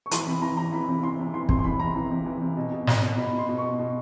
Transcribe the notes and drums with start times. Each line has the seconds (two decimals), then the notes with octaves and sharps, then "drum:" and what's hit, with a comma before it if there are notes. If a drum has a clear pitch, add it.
0.06 C#6
0.11 E3 C6, drum: hi-hat
0.26 C3 B5
0.42 E3 A#5
0.57 C3 A#5
0.72 E3 B5
0.88 C3
1.03 E3 C6
1.19 C3
1.34 E3 C6
1.49 C3 C6, drum: kick
1.59 C6
1.64 E3 B5
1.80 C3 A#5
1.96 E3
2.11 C3
2.26 E3
2.41 C3
2.57 B2
2.72 B2
2.87 B2, drum: snare
3.02 B2
3.17 B2 B5
3.33 B2
3.38 C6
3.49 B2
3.58 C#6
3.63 B2
3.79 B2